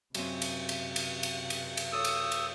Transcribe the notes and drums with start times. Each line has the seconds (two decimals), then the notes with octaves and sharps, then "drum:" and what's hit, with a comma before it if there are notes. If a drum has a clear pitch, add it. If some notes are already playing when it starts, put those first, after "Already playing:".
0.15 F#2 C3 C4, drum: cymbal
0.42 drum: cymbal
0.69 drum: cymbal
0.96 drum: cymbal
1.23 drum: cymbal
1.50 drum: cymbal
1.77 drum: cymbal
1.93 A4 C#5 D#6 E6
2.05 drum: cymbal
2.32 drum: cymbal